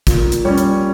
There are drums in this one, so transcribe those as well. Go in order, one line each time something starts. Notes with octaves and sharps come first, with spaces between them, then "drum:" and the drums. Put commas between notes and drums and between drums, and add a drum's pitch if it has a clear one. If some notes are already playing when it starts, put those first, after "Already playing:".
A#2, drum: kick, hi-hat
drum: hi-hat
G3 C#4 C#5
drum: hi-hat